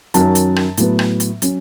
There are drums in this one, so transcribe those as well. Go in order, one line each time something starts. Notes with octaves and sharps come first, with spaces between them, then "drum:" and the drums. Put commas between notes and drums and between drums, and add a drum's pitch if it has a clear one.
F#2 D#3 F#3 C#4 A5, drum: hi-hat
drum: hi-hat
drum: rim click
A2 F#3 B3, drum: hi-hat
drum: rim click
drum: hi-hat
F#3 C#4, drum: hi-hat